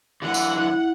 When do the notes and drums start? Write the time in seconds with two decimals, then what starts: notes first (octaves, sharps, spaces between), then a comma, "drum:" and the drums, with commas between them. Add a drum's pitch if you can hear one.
0.22 D3 E3 F#5
0.34 drum: tambourine
0.58 E4